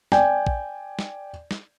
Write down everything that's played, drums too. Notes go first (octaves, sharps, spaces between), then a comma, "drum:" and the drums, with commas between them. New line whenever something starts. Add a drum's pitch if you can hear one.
D5 G5 G#5, drum: snare
drum: kick A#1
drum: snare
drum: snare